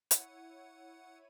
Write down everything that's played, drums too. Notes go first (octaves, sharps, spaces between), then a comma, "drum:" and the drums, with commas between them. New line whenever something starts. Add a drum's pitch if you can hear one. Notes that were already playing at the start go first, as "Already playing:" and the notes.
E4 C#5 F#5 D#7, drum: hi-hat